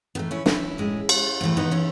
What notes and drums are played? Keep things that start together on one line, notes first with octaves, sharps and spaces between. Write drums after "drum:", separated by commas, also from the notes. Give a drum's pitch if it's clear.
A2 E3 A3 B3 D#4
C#4 E4
C#4 E4, drum: snare
A2 G#3
drum: cymbal
A2 E3 A3
B3 D#4
C#4 E4